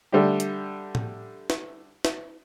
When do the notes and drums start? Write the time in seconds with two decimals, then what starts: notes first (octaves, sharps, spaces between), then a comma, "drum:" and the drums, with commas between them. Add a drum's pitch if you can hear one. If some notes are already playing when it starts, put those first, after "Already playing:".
0.12 D3 G3 A3 D4 G4
0.40 drum: hi-hat
0.95 drum: tom A2
1.50 drum: snare
2.05 drum: snare